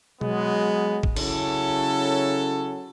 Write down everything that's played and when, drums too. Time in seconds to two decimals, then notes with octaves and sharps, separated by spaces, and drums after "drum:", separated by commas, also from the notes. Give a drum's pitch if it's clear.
0.21 F#3 G#3 B3, drum: tom B2
1.03 drum: kick G#1
1.16 C#3 F#3 C#4 E4 A4, drum: cymbal